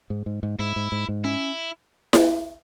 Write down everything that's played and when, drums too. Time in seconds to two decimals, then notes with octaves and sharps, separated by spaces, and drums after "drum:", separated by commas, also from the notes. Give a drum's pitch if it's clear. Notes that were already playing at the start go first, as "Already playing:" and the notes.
0.10 G#2
0.26 G#2
0.43 G#2
0.59 G#2 E4
0.76 G#2
0.92 G#2
1.09 G#2
1.24 C#4 E4
2.13 drum: snare E4